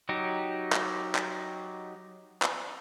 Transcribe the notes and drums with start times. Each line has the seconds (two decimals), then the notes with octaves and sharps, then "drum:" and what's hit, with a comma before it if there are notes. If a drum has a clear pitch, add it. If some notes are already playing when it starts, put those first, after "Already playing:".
0.09 F#3 D#4 G4
0.73 drum: clap
1.15 drum: clap
2.42 drum: clap